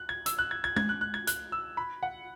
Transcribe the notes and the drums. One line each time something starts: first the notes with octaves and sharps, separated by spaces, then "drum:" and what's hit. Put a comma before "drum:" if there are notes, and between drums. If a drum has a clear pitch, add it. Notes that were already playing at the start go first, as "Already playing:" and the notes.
Already playing: F#6
G#6
E6, drum: hi-hat
F#6
G#6
G#6
G#6, drum: tom G#3
F#6
F#6
G#6
F#6, drum: hi-hat
E6
B5
F#5